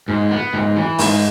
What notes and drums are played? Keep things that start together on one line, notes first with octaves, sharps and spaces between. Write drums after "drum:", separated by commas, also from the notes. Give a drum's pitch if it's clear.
G#2
B3
G#2
E3
G#2, drum: open hi-hat